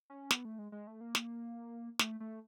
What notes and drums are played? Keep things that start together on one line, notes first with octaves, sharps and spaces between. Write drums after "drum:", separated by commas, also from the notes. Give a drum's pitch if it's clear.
C#4
B3, drum: snare
A3
G#3
G#3
A3
A#3
drum: snare
A3, drum: snare
A3